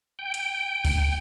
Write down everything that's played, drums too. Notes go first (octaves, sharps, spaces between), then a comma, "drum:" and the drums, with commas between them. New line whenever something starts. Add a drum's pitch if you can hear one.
G5
G5, drum: hi-hat
drum: kick C#2, open hi-hat